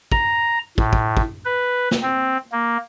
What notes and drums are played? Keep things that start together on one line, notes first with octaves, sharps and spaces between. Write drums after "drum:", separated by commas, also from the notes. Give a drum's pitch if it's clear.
A#5, drum: kick
A2, drum: kick
drum: kick
drum: kick
B4
drum: snare
C4
A#3